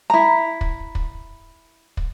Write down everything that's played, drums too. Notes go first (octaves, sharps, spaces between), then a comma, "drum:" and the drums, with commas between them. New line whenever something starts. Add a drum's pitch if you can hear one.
E4 A#5
drum: kick
drum: kick
drum: kick